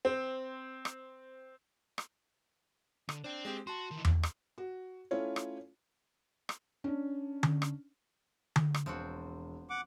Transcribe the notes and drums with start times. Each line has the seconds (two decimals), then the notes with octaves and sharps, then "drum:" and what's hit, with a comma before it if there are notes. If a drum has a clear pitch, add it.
0.05 C4
0.85 drum: rim click
1.98 drum: rim click
3.09 D3, drum: rim click
3.24 D4 C5 G5
3.45 G#3 C4 G4
3.67 F#4 A5 C6
3.91 D#3 E3
4.05 drum: tom E2
4.23 drum: rim click
4.58 F#4
5.11 A3 C#4 E4 F4 C#5
5.36 drum: rim click
6.49 drum: rim click
6.84 C#4 D4
7.43 drum: tom D3
7.62 drum: rim click
8.56 drum: tom D3
8.74 drum: rim click
8.86 E1 F3 C4 F#4
9.70 F#5 D6